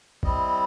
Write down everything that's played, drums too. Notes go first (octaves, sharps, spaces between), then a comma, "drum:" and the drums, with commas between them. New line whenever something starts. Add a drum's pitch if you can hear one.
G3 C4 E4 D#5, drum: kick A1